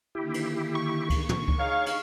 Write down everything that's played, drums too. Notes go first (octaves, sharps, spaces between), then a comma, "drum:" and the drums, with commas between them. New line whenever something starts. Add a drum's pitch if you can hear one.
D3 D#3 A#3 E4 G4
drum: cymbal
C#6
drum: kick C#2, cymbal
drum: tom
drum: kick C#2
D#4 G#4 C#5 F5
drum: cymbal